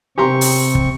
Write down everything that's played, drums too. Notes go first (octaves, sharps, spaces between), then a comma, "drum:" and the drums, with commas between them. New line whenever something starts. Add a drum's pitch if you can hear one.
C3 C4 G4 A#5 C6 C#6
drum: open hi-hat
drum: kick